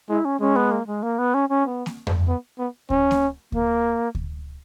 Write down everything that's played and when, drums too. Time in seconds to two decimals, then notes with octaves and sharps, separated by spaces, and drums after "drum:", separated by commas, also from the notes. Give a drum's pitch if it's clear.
0.09 G#3 E4
0.25 C#4
0.40 G#3 C#4
0.56 B3
0.71 A#3
0.87 G#3
1.03 A#3
1.18 B3
1.34 C#4
1.49 C#4
1.65 B3
1.86 drum: snare A#3
2.07 drum: tom F2
2.28 B3
2.58 B3
2.90 C#4, drum: kick D2
3.11 drum: snare A#3
3.52 A#3, drum: kick D2
4.15 drum: kick D2